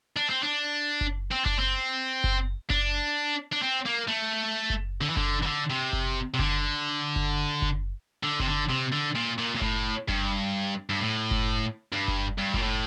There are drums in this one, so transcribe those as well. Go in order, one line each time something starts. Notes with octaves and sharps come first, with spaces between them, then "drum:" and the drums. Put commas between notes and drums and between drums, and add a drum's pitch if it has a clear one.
D4
C4
D4
drum: kick F#1
C4
D4, drum: kick F#1
C4
drum: kick F#1
D4, drum: kick F#1
D4
C4
A#3
A3
drum: kick F#1
D3
E3
D3, drum: kick F#1
E3
D3
C3
drum: kick F#1
C3
D3, drum: kick F#1
drum: kick F#1
drum: kick F#1
D3
C3, drum: kick F#1
D3
C3
D3
A#2
A#2
A#2
A2, drum: kick F#1
G2, drum: kick F#1
G2
A2
drum: kick F#1
G2
drum: kick F#1
G2
A#2, drum: kick F#1
A2